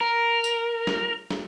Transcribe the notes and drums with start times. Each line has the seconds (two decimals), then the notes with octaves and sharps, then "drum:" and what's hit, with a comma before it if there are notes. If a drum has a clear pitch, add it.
0.01 A#4
0.44 drum: tambourine
0.87 drum: snare
1.31 drum: snare